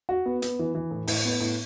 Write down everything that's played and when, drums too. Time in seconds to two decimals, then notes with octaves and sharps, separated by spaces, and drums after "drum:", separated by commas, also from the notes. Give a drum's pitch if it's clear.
0.09 F#4
0.26 B3
0.42 B3, drum: hi-hat
0.59 E3
0.75 E3
0.91 A2
1.08 A2, drum: open hi-hat
1.25 B3
1.40 A2